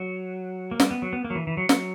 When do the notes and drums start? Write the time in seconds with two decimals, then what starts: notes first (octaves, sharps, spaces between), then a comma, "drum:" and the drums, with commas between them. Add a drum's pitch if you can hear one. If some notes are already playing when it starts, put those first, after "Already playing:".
Already playing: F#3
0.71 A#3
0.80 G3, drum: snare
0.91 B3
1.02 F#3
1.13 B3
1.25 A#3
1.30 F#3
1.35 E3
1.47 E3
1.57 F#3
1.69 F#3, drum: snare